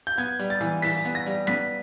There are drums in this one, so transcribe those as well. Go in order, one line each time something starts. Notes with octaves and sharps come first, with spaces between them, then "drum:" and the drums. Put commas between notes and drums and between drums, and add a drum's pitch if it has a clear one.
G6
B3 G#6, drum: hi-hat
G3, drum: hi-hat
A6
E3, drum: hi-hat
E3 B6, drum: open hi-hat
B3, drum: hi-hat
A#6
G3, drum: hi-hat
B3 B6, drum: snare